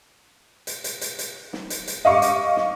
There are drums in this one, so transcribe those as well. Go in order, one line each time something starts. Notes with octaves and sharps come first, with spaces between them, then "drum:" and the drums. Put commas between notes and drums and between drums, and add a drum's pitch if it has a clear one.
drum: hi-hat
drum: hi-hat
drum: hi-hat
drum: hi-hat
drum: snare
drum: hi-hat
drum: hi-hat
D#5 F5 C#6 D6
drum: hi-hat
drum: snare